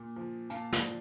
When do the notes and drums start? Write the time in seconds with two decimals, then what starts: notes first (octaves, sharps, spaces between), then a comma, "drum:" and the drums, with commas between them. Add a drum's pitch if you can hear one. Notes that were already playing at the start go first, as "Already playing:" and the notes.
Already playing: A#2
0.16 F3
0.50 A#2 F5 A5, drum: hi-hat
0.73 D5 F5, drum: snare
0.84 F3